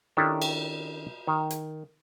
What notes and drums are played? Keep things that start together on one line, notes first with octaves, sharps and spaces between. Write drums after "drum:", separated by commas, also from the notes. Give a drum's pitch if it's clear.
D#3 C#4 D4 E4 G4 A4
drum: cymbal
D#3
drum: hi-hat